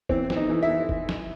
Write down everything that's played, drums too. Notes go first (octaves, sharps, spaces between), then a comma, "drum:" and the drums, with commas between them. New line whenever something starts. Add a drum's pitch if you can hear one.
E3 C4, drum: kick F#1
E3, drum: snare
D#4
E3
E4
E3
drum: kick F#1
drum: snare